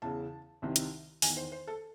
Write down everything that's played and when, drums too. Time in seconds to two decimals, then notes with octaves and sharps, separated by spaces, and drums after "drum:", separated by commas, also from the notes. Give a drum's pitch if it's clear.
0.02 E2 C#3 E3 A5
0.62 C2 C3 D#3
0.76 drum: hi-hat
1.22 E2 D#3 G#5, drum: open hi-hat
1.37 C5
1.52 C5
1.67 A4